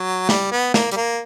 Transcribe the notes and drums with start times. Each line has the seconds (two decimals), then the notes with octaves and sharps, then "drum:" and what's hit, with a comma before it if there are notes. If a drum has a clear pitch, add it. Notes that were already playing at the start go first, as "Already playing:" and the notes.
Already playing: F#3
0.29 G3, drum: snare
0.51 B3
0.74 A#3, drum: snare
0.91 G3, drum: hi-hat
0.96 A#3